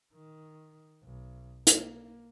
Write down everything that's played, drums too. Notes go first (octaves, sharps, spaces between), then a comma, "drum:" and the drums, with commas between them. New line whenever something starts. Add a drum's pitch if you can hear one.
D#3
B1
A#3, drum: hi-hat